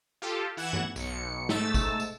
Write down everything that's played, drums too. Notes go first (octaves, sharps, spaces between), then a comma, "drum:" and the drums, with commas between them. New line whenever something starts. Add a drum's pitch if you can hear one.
F4 G4 A4
E3 F#5 G#6 E7
drum: tom G2
B1 C#7, drum: tambourine
G#2 A3 E6 A6, drum: snare
drum: kick G#1, tambourine
drum: tambourine